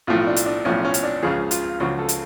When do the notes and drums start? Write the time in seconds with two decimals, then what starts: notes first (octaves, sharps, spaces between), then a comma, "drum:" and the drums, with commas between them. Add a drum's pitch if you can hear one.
0.07 B1 A2 F3 F4
0.27 D4
0.36 drum: hi-hat
0.46 D4
0.65 B1 A2 F3 C#4
0.85 C#4
0.94 drum: hi-hat
1.03 D4
1.22 C#2 C#3 F3 G#4
1.51 F4, drum: hi-hat
1.80 C#2 C#3 F3 F#4
1.99 A4
2.09 drum: hi-hat